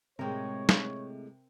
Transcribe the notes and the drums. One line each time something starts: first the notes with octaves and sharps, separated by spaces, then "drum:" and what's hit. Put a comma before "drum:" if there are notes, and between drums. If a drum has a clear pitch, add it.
A2 C3 G#3 C4 A#4 C#5
drum: snare